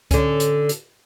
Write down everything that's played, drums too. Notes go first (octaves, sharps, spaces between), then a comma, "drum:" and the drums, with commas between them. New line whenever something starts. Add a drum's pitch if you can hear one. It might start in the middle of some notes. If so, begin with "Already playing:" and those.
D3 C#4, drum: kick C#2, hi-hat
drum: hi-hat
drum: hi-hat